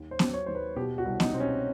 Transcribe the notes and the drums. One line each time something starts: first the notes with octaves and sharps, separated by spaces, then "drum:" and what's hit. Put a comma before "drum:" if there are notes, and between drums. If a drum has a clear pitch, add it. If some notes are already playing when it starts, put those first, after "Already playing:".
Already playing: D#2
C5
F#3, drum: snare B3
C#5
D#2 C5
B4
B2 G4
F#4
C2
D#4, drum: snare B3
B2 C4
C#4